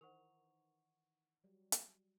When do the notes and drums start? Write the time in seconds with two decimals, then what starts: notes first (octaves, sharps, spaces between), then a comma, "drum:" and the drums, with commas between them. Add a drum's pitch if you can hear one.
0.01 D#3 E3 D#4 A#4 C5 F#5 C#6 F7
1.44 F#3 G3
1.72 drum: hi-hat